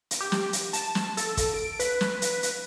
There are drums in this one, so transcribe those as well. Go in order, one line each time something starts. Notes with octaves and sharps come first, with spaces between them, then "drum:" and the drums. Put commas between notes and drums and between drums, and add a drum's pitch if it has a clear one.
drum: hi-hat
G4
drum: snare
drum: hi-hat
A5, drum: hi-hat
drum: snare
A4, drum: hi-hat
drum: kick, hi-hat
D7
B4, drum: hi-hat
drum: snare
drum: hi-hat
drum: hi-hat